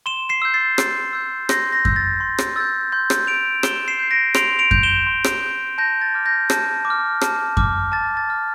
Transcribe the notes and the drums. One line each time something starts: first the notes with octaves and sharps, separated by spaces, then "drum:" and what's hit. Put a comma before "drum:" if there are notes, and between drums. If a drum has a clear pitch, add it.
C6 E7 G7
C7 E7
E6 G6
A6 C7
C6, drum: rim click
E6 G6
C6 G6 A#6, drum: rim click
G6 A#6
E6 G6, drum: kick F#2
A6
C6
drum: rim click
E6 G6 A6
C6 G6
drum: rim click
G6 D7 F7
C6 E7 G7, drum: rim click
C7 E7
G6 C7
A#6 D7
C6 D7 F7, drum: rim click
D7 F7
G6, drum: kick F#2
E7 G7
C6
drum: rim click
G6
A5 G6 A#6
A6
D6 F6
G6 A#6
A5, drum: rim click
D6
F6
A5, drum: rim click
D6 F6, drum: kick F#2
A5 A6
A6
D6 F6